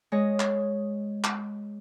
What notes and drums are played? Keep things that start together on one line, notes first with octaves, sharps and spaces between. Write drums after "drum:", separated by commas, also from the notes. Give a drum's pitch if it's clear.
G#3 C#5 D#5
drum: clap
drum: clap